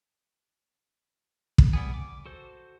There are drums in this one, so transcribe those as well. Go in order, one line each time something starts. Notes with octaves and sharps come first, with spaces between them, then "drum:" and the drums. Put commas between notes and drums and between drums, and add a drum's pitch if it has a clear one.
drum: kick
G3 B3 G#4
D6
F#4 A4 C5